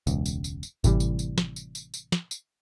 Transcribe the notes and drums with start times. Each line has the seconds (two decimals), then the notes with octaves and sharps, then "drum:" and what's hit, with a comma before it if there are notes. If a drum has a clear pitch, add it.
0.07 E1 C#2, drum: tambourine
0.26 drum: tambourine
0.44 drum: tambourine
0.63 drum: tambourine
0.84 A2 C3 E3 G3, drum: kick G#1, tambourine
1.00 drum: tambourine
1.19 drum: tambourine
1.38 drum: snare
1.56 drum: tambourine
1.75 drum: tambourine
1.94 drum: tambourine
2.12 drum: snare
2.31 drum: tambourine